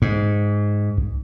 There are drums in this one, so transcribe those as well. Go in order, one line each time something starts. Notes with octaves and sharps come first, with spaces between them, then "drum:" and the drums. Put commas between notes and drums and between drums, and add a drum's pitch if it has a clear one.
G#2
drum: kick C2